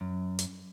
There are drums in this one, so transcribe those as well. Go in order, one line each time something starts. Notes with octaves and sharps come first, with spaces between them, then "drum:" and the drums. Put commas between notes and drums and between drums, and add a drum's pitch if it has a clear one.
F#2
drum: hi-hat